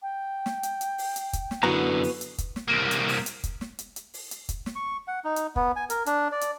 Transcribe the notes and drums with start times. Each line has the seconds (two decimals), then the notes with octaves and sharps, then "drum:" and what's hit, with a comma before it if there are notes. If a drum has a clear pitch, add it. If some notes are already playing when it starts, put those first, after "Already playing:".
0.02 G5
0.46 drum: snare
0.63 drum: hi-hat
0.81 drum: hi-hat
0.98 drum: open hi-hat
1.16 drum: hi-hat
1.33 drum: kick, hi-hat
1.51 drum: snare
1.63 F#2 D3 B3 E4 F#4 A#5
2.03 drum: open hi-hat
2.21 drum: hi-hat
2.38 drum: kick, hi-hat
2.56 drum: snare
2.68 C2 A#3
2.91 drum: hi-hat
3.09 drum: open hi-hat
3.26 drum: hi-hat
3.44 drum: kick, hi-hat
3.61 drum: snare
3.79 drum: hi-hat
3.96 drum: hi-hat
4.14 drum: open hi-hat
4.31 drum: hi-hat
4.49 drum: kick, hi-hat
4.66 drum: snare
4.76 C#6
5.08 F#5
5.25 D#4
5.36 drum: hi-hat
5.56 B3, drum: kick
5.76 G#5
5.90 A#4, drum: hi-hat
6.06 D4, drum: hi-hat
6.32 D5
6.41 drum: hi-hat